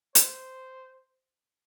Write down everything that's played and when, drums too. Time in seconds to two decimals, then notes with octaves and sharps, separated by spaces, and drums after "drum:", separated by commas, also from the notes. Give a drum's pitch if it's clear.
0.15 C5, drum: hi-hat